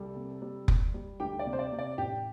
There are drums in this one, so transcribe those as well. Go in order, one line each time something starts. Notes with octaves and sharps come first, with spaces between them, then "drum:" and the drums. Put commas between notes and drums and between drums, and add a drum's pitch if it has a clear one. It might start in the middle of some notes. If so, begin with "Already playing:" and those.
Already playing: C2 G3 A4
C3
G3
G3, drum: kick F1
G3
D2 G4 G5
D5
C3
C5
D5
C3
D5
A1 G4 G5